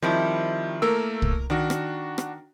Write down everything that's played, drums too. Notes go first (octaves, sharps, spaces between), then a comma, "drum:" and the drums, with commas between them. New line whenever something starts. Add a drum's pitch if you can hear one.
D#3 F3 G3 C4 E4
A3 A#3 A#4 E6
drum: kick
D#3 D4 F#4
drum: rim click
drum: rim click